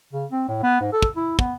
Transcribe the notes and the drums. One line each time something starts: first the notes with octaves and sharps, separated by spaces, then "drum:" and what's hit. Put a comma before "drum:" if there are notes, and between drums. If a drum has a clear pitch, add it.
C#3
C4
A2
B3
G#2
A4
drum: kick
E4
B3, drum: kick